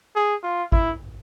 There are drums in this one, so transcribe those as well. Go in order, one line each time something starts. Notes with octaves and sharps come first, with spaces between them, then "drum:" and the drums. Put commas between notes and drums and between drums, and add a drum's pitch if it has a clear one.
G#4
F4
E4, drum: kick G#1